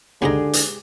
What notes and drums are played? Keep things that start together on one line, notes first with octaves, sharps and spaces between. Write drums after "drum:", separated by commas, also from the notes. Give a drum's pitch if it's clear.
C#2 G#2 D3 G#3 G4 G#4 A#5
drum: hi-hat